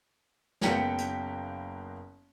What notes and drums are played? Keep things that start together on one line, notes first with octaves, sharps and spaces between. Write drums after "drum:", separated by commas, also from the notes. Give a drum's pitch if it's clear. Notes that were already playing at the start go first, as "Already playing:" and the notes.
F#1 A#3 B3 G5 B6 C#7, drum: snare
drum: hi-hat